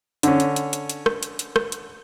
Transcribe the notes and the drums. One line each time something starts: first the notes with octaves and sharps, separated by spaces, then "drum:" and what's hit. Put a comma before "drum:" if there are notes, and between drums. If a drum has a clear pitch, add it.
D3 C#4, drum: hi-hat
drum: hi-hat
drum: hi-hat
drum: hi-hat
drum: hi-hat
drum: rim click
drum: hi-hat
drum: hi-hat
drum: rim click
drum: hi-hat